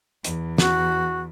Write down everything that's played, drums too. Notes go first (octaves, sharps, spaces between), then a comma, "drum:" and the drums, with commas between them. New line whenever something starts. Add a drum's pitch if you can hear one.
E2, drum: hi-hat
F#4, drum: snare